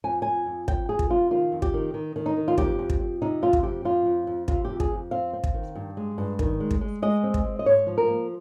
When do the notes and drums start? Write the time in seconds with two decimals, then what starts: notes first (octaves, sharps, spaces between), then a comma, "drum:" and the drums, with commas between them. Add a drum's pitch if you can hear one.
0.04 F2 G#5
0.22 F2 G#5
0.46 F2
0.68 F2 G5, drum: kick
0.89 F2 G#4
0.99 drum: kick
1.10 C3 F4
1.31 D#3 F4
1.52 F2
1.62 G4, drum: kick
1.74 D#3
1.94 D#3
2.16 D#3
2.26 D#4
2.37 D#3
2.48 F4
2.58 F2 G4, drum: kick
2.79 F2
2.90 drum: kick
3.00 F2
3.22 C3 D#4
3.42 F2 F4
3.53 drum: kick
3.63 F2 G4
3.85 F2 F4
4.06 F2
4.27 F2
4.48 C3 F4, drum: kick
4.65 F2 G4
4.80 G#4, drum: kick
4.91 F2
5.11 C4 F5
5.33 C4
5.44 drum: kick
5.54 D#3
5.75 G2
5.97 G#3
6.18 G2
6.39 D#3, drum: kick
6.60 G#3
6.71 drum: kick
6.81 G#3
7.02 G#3 D#5
7.23 C4
7.34 drum: kick
7.45 G#3
7.59 D#5
7.66 G#2 C#5
7.87 F3
7.98 A#4
8.08 A#3